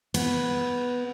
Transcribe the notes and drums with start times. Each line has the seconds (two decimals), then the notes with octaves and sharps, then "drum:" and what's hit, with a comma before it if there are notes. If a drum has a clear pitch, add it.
0.14 B3, drum: cymbal